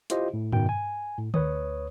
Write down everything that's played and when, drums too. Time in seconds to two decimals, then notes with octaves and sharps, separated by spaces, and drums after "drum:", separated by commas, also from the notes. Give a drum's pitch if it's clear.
0.10 E4 F4 G4 C5 D#5 F5, drum: hi-hat
0.34 A2
0.52 F#2 B2 D#3 G5, drum: tom G#2
0.69 G#5
1.18 A2
1.34 D2 B4 C#5 D#6, drum: tom D3